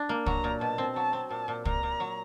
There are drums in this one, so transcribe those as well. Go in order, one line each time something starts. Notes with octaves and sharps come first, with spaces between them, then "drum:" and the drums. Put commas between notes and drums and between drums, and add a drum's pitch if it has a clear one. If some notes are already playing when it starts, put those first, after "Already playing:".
Already playing: D4
A#3
F#3 A#5, drum: kick
A#2
B2 A5
C4
F#3 A5
C4
A#2 A5
A#2
A#2 A#5, drum: kick
A#2
F#3